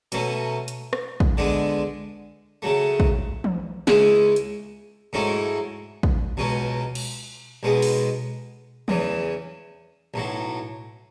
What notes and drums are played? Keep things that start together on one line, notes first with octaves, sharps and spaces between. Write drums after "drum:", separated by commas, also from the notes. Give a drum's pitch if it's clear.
B2 F#3 A3 C#4, drum: hi-hat
drum: hi-hat
drum: rim click
drum: kick
D3 G#3 B3 D4
C#3 F#3 A3
drum: kick
drum: tom E3
C#2 C#3 G#3 C#4 E4, drum: snare
drum: hi-hat
G#2 F#3 A3 C#4 E4
drum: kick
C#2 B2 F#3 C#4
drum: cymbal
B1 B2 G#3 B3
drum: open hi-hat
E2 C#3 E3, drum: tom E3
B1 A2 F#3